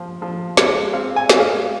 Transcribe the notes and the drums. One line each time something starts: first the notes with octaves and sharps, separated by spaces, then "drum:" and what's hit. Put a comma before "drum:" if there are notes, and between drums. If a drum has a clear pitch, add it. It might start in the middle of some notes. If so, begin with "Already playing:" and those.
Already playing: F3
F3
G#3, drum: snare
C4 F5
G#5
G#3, drum: snare
F5